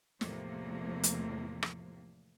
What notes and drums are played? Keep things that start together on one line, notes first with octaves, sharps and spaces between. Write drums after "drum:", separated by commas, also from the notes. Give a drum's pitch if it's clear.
E2 A2 C3 F3 A3 A#3, drum: snare
drum: hi-hat
drum: rim click